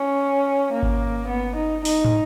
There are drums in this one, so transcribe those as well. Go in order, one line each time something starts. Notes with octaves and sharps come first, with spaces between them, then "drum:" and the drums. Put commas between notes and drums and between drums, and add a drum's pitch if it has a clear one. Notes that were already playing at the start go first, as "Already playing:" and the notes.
Already playing: C#4
A#3
drum: kick G#1
B3
D#4
D#4, drum: open hi-hat
drum: tom